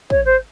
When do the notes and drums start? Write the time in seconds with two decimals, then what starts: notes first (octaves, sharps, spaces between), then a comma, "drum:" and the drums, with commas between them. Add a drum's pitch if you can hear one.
0.10 C#5, drum: kick
0.25 C5